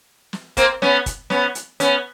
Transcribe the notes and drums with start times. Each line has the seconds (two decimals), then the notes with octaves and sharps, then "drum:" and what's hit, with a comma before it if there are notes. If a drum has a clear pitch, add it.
0.33 drum: snare
0.57 A#3 C4, drum: kick, hi-hat
0.82 B3 C#4, drum: snare
1.06 drum: kick, hi-hat
1.30 B3 C#4, drum: snare
1.55 drum: hi-hat
1.80 B3 C#4, drum: hi-hat